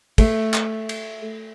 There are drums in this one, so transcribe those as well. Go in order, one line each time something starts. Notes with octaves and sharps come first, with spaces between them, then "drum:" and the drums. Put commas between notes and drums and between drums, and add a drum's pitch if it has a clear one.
A3, drum: kick, cymbal
drum: clap
drum: cymbal